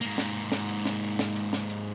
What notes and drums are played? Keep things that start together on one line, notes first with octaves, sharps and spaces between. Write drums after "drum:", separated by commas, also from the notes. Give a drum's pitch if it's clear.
G#2 A#3, drum: hi-hat
drum: snare
drum: snare
drum: hi-hat
drum: snare
drum: open hi-hat
drum: snare
drum: hi-hat
drum: snare
drum: hi-hat